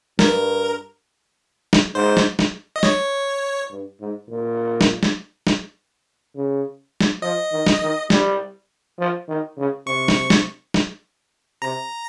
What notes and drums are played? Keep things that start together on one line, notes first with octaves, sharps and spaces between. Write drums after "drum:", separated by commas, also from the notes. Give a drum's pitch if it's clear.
G2 A#4, drum: snare
drum: snare
G#2 C5
drum: snare
drum: snare
D#5
C#5, drum: snare
G2
G#2
A#2
drum: snare
drum: snare
drum: snare
C#3
drum: snare
F3 D#5
D#3
drum: snare
D#3
G3, drum: snare
F3
D#3
C#3
C3 C#6
drum: snare
drum: snare
drum: snare
C3 A#5